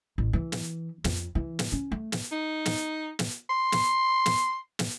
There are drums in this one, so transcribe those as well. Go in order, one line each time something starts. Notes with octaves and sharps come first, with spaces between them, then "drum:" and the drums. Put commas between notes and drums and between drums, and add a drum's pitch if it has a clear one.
A1
E3
drum: snare
F2, drum: snare
E3
drum: snare
C#4
A3
drum: snare
D#4
drum: snare
drum: snare
C6
drum: snare
drum: snare
drum: snare